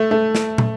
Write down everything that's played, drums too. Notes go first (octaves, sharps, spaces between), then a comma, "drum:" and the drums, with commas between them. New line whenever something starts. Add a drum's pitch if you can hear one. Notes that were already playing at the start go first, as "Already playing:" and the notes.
Already playing: A3
A3
drum: snare
drum: tom